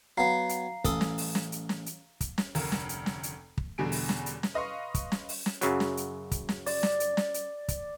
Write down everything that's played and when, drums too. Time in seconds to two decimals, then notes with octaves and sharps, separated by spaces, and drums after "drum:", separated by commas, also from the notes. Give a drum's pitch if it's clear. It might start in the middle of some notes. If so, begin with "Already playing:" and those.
0.18 F#3 B3 F5 A#5 C7
0.49 drum: hi-hat
0.85 A1 A4 D#6, drum: kick, hi-hat
1.01 drum: snare
1.18 drum: open hi-hat
1.35 drum: snare
1.52 drum: hi-hat
1.69 drum: snare
1.86 drum: hi-hat
2.21 drum: kick, hi-hat
2.38 drum: snare
2.55 F1 D2 A#4, drum: open hi-hat
2.72 drum: snare
2.89 drum: hi-hat
3.06 drum: snare
3.23 drum: hi-hat
3.58 drum: kick
3.78 E2 B2 D3 G3 G#4 D7
3.92 drum: open hi-hat
4.09 drum: snare
4.26 drum: hi-hat
4.43 drum: snare
4.54 B4 D#5 F5 C6 C#6
4.95 drum: kick, hi-hat
5.12 drum: snare
5.29 drum: open hi-hat
5.46 drum: snare
5.61 F#2 C#3 F#3, drum: hi-hat
5.80 drum: snare
5.97 drum: hi-hat
6.31 drum: kick, hi-hat
6.49 drum: snare
6.66 D5, drum: open hi-hat
6.83 drum: snare
7.00 drum: hi-hat
7.17 drum: snare
7.34 drum: hi-hat
7.68 drum: kick, hi-hat